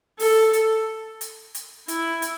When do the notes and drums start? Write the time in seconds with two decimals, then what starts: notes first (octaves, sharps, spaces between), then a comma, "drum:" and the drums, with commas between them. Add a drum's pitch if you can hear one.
0.20 A4, drum: open hi-hat
0.53 drum: hi-hat
1.21 drum: hi-hat
1.55 drum: hi-hat
1.88 E4, drum: hi-hat
2.22 drum: hi-hat